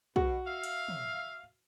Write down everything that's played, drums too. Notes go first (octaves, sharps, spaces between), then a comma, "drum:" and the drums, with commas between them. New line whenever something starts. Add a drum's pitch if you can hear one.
B2 F#4, drum: kick
E5 F5
drum: cymbal
drum: tom